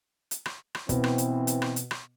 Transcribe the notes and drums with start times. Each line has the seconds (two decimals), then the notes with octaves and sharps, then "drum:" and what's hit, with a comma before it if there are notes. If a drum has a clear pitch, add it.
0.31 drum: hi-hat
0.46 drum: rim click
0.75 drum: rim click
0.89 B2 E3 C4, drum: kick, hi-hat
1.04 drum: rim click
1.18 drum: hi-hat
1.47 drum: hi-hat
1.62 drum: rim click
1.76 drum: hi-hat
1.91 drum: rim click